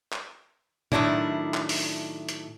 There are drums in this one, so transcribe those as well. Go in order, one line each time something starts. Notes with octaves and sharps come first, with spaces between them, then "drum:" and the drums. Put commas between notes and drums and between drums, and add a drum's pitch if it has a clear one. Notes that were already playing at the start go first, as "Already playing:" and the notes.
drum: clap
A2 D#3 F#3 D4 E4, drum: tom A2
drum: clap
drum: open hi-hat
drum: hi-hat